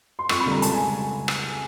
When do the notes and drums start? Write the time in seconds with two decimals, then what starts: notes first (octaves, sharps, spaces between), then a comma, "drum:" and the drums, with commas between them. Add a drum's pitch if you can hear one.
0.19 C6
0.29 F2 C#6, drum: rim click
0.40 B5
0.46 D3 G3
0.52 A#5
0.62 C#2 A5, drum: hi-hat
0.74 G#5
1.28 drum: rim click